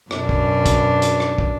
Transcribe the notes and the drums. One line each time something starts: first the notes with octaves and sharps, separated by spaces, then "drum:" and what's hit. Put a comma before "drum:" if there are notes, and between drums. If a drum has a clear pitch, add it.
F#2 B2 D4, drum: rim click
drum: kick
drum: kick, hi-hat
drum: hi-hat
drum: rim click
drum: kick